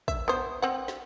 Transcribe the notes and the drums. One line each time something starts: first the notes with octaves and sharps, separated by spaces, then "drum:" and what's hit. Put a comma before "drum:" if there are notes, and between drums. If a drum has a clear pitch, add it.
E5, drum: kick
B3 C5
C4 F#5
drum: snare